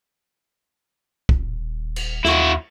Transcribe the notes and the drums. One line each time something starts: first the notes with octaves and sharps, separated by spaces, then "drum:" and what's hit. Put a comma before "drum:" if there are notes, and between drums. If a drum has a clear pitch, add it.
D#1, drum: kick
drum: cymbal
D#2 E4 F#4, drum: snare